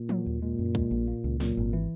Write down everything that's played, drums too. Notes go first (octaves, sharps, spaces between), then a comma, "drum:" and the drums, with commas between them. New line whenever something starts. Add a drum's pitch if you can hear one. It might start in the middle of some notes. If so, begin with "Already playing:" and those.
Already playing: A#2
F#3, drum: tom
D#2
A#2 G#3
F#2
G#3, drum: kick C2
A#1
A#3
C#2
A#2 F#3, drum: snare
G#1
E3